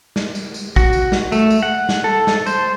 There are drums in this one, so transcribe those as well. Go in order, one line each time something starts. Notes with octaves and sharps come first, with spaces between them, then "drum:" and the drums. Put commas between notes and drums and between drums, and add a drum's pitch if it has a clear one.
drum: snare
drum: tambourine
drum: tambourine
F#4, drum: kick, tambourine
drum: tambourine
drum: snare
A3, drum: tambourine
drum: tambourine
F#5
drum: snare
A4
drum: snare
C5, drum: tambourine